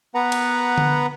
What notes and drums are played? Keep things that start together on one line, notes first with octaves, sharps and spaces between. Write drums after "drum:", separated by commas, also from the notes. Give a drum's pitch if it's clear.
B3 B4 F#5 A#5
drum: cymbal
drum: tom D3